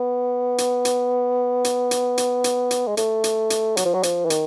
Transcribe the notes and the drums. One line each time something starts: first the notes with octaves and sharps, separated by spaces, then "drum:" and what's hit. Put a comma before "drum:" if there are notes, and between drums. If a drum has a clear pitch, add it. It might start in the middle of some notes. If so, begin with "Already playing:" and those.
Already playing: B3
drum: hi-hat
drum: hi-hat
drum: hi-hat
drum: hi-hat
drum: hi-hat
drum: hi-hat
drum: hi-hat
G#3
A3, drum: hi-hat
drum: hi-hat
drum: hi-hat
F#3, drum: hi-hat
F3
F#3
F3, drum: hi-hat
E3
D#3, drum: hi-hat